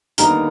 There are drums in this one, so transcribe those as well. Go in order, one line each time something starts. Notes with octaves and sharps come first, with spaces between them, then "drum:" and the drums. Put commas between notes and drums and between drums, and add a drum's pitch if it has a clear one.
D#2 D3 G3 B3 D#4 A#4, drum: hi-hat